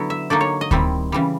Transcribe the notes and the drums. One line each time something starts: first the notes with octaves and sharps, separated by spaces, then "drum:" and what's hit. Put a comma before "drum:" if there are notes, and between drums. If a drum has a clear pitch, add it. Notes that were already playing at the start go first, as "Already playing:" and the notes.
Already playing: D3 F#3 B3 E4
E5
D3 F#3 A#3 D#4 D5
C#5
D#5
D#3 G3 C4 E4, drum: kick D2
C#3 E3 G3